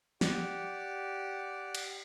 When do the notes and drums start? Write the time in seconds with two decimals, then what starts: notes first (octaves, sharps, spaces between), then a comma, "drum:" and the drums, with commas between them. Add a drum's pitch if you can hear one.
0.21 G4 D5 F#5, drum: snare
1.75 drum: cymbal